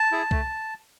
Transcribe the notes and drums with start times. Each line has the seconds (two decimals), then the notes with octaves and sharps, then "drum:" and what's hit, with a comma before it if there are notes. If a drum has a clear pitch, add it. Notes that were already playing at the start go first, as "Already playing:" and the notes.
Already playing: A5
0.12 E4 G#4
0.31 A3, drum: kick C2